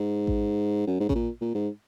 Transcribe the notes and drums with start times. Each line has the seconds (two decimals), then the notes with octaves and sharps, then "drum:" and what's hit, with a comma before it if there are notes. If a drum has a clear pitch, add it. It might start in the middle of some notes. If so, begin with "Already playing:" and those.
Already playing: G#2
0.27 drum: kick A1
0.87 F#2
1.01 G#2
1.09 C#3, drum: kick A1
1.15 A#2
1.41 A#2
1.55 G#2